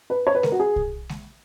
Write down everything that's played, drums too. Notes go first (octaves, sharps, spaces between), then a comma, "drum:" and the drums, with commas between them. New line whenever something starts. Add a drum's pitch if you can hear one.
B4
C#5
B4
A#4, drum: snare G#3
F#4
G#4
drum: kick B1
drum: snare G#3